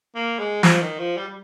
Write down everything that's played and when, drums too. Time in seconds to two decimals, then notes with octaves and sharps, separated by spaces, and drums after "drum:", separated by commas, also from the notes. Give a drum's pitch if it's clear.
0.15 A#3
0.39 G#3
0.63 F3, drum: snare
0.81 D#3
0.99 F3
1.17 G3
1.28 G3